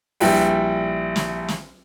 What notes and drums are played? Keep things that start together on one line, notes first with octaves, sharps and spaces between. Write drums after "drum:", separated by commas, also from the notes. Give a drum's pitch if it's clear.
A#1 G3 E4 B4 G5, drum: open hi-hat
drum: snare
drum: snare